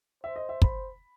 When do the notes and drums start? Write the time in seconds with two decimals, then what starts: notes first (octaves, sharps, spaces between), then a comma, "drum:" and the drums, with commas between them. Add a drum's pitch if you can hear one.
0.23 C5 E5
0.36 D#5
0.49 E5
0.62 B5, drum: kick